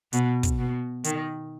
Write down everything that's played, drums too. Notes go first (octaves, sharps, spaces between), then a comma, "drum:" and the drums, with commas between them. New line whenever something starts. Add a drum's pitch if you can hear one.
B2, drum: hi-hat
drum: kick, hi-hat
B2
D#3, drum: hi-hat